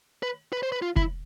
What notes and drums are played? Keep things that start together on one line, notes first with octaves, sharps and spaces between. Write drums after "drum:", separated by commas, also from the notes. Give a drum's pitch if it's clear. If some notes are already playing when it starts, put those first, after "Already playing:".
B4
B4
C5
B4
F4
E4, drum: kick